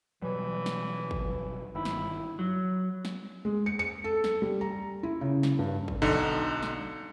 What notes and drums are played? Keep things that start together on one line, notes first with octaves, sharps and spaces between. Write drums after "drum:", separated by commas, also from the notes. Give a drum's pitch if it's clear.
B2 E3 F#3 G3
drum: snare
drum: kick
G1 D#3 E4
drum: snare
F#3
drum: snare
G#3
C#7
C#7
A4
drum: snare
G3
A#5
E4
C#3
drum: snare
G2
drum: kick
B1 D3 D#4
drum: snare